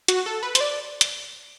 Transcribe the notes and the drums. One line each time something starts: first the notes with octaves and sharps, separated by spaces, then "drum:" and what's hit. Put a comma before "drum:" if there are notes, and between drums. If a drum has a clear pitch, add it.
F#4, drum: hi-hat
A4
B4
C5, drum: hi-hat
D5
drum: hi-hat